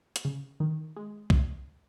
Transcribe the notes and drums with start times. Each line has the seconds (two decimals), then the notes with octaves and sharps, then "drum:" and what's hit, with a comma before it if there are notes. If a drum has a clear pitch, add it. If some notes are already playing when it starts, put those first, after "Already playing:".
0.16 drum: hi-hat
0.25 C#3
0.60 D#3
0.96 G#3
1.30 drum: kick